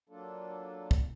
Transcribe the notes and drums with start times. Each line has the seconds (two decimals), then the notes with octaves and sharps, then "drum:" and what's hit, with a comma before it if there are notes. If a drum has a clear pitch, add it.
0.09 F#3 A#3 D4 F4 A4
0.91 drum: kick